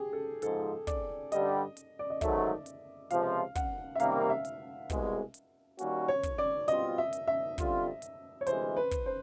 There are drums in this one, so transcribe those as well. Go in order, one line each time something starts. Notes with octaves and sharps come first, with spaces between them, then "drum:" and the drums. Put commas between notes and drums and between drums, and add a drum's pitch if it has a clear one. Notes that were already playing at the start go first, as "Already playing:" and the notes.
Already playing: G4 G#4
A4
G#2 F3 G#3 A4, drum: hi-hat
D5, drum: kick, hi-hat
G2 D3 G3 D#5, drum: hi-hat
drum: hi-hat
D5
D#5
G#2 D#3 F#3 A3 E5, drum: kick, hi-hat
drum: hi-hat
C#2 C3 F3 F5, drum: hi-hat
F#5, drum: kick, hi-hat
E5
C3 D#3 G3 A#3 F5, drum: hi-hat
E5
drum: hi-hat
C2 B2 G#3, drum: kick, hi-hat
drum: hi-hat
D#3 G3 A#3 C#4 F#4, drum: hi-hat
C#5
drum: kick, hi-hat
D5
B2 G3 C4 F4 D#5, drum: hi-hat
E5
drum: hi-hat
E5
D3 G3 C4 F4, drum: kick, hi-hat
drum: hi-hat
C#5
D2 C3 E3 G#3 C5, drum: hi-hat
B4
drum: kick, hi-hat
C5